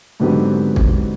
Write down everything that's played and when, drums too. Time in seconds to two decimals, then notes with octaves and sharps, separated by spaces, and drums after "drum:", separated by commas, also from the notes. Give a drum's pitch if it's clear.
0.20 G#2 D3 F#3 B3 C4 G4
0.76 drum: kick